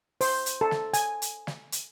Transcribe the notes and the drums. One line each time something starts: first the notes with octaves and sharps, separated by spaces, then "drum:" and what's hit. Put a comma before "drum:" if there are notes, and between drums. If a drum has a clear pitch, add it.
C5, drum: open hi-hat
drum: hi-hat
A4
drum: snare
G#5, drum: hi-hat
drum: hi-hat
drum: snare
drum: hi-hat